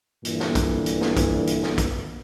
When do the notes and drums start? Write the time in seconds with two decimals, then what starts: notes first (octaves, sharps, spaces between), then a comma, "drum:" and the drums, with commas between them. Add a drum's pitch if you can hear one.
0.25 G2 A#2 D3 E3, drum: hi-hat
0.40 drum: snare
0.55 drum: kick A#1, hi-hat
0.86 drum: hi-hat
1.01 drum: snare
1.17 drum: kick A#1, hi-hat
1.47 drum: hi-hat
1.63 drum: snare
1.78 drum: kick A#1, hi-hat